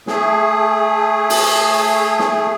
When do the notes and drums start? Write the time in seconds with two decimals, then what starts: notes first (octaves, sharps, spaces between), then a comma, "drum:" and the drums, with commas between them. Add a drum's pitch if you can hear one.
0.07 A3 G#4, drum: snare
1.30 drum: open hi-hat
2.19 drum: snare